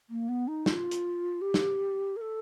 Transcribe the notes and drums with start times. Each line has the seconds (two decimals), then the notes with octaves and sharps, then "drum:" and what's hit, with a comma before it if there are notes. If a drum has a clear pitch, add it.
0.10 A#3
0.29 B3
0.48 D#4
0.66 F4, drum: snare
0.91 drum: hi-hat
1.41 G4
1.54 drum: snare
2.16 A#4
2.21 A4